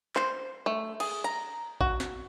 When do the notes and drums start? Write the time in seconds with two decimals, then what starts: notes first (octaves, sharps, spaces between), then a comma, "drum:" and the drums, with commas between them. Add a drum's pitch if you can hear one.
0.16 C5, drum: clap
0.66 A3
1.00 G#4, drum: cymbal
1.24 A#5, drum: hi-hat
1.81 F#4, drum: kick
2.00 drum: snare